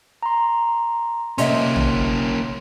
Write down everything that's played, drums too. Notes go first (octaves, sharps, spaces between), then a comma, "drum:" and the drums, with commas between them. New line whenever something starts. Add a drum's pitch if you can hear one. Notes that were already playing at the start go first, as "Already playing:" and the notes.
A#5 C6
C3 A#3 C#4 D#5 E5 C6, drum: hi-hat
drum: tom